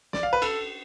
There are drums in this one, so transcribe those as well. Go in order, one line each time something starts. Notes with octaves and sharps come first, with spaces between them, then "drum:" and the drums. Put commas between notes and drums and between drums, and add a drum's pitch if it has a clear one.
D5, drum: snare
F5
B4
A4, drum: cymbal